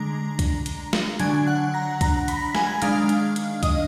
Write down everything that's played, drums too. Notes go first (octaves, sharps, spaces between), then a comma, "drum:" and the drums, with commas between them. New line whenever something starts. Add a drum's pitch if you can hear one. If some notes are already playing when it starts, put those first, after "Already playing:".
Already playing: D3 G#3 D4 A#5 A#6
drum: kick C2, hi-hat
drum: hi-hat
drum: snare
D3 F#3 D4 G#5 G#6, drum: hi-hat
F#5 F#6
A#5 A#6
A#5 A#6, drum: kick C2, hi-hat
B5 B6, drum: hi-hat
G#5 G#6, drum: snare
D#3 G#3 D4 F5 F6, drum: hi-hat
drum: hi-hat
drum: hi-hat
D#5 D#6, drum: kick C2, hi-hat